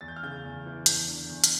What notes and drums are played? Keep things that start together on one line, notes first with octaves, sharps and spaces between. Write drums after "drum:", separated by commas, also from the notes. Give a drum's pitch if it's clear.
E2 A6
G6
F6
C#3 G6
E2
E3
E2 G6, drum: hi-hat
D3
E2
drum: hi-hat